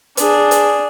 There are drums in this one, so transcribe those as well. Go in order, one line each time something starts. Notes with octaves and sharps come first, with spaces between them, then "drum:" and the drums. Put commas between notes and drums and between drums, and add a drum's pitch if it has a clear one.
D4 G#4, drum: hi-hat
drum: hi-hat